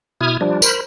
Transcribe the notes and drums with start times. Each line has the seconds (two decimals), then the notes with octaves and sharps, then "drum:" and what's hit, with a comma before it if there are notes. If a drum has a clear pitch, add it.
0.21 B2 E4 D#6 F6 G#6
0.41 F3 G3 D4
0.62 A#4 C5 B5, drum: tambourine